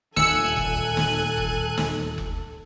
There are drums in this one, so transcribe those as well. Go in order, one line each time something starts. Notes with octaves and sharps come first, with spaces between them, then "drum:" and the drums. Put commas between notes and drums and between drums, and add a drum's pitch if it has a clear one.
D#1 D2 A#2 A4 G#5 E6 F#6 C#7, drum: snare
drum: kick F1
drum: snare
drum: kick F1
drum: snare
drum: kick F1